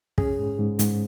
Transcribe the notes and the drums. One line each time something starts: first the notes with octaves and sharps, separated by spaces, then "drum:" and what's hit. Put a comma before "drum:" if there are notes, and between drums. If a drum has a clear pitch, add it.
C#4 G#4, drum: kick
G#2
G#2
G#2, drum: hi-hat